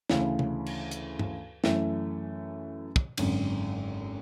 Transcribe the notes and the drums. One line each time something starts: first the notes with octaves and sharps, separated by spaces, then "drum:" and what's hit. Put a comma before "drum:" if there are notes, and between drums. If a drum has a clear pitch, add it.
D2 C#3 E3, drum: snare
drum: tom C3
drum: cymbal
drum: hi-hat
drum: tom G2
F#2 E3 A3, drum: snare
drum: kick
G#1 F#2 D3, drum: cymbal